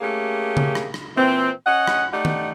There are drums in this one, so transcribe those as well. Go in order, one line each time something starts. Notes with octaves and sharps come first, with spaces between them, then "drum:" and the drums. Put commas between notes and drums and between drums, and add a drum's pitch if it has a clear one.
A3 A#3 C#4 G4 G#4
drum: tom C#3
drum: rim click
drum: rim click
A#2 E3 C4
C#4 D#5 F#5
drum: rim click
A3 D#4 G4 D5 F#5
drum: tom D#3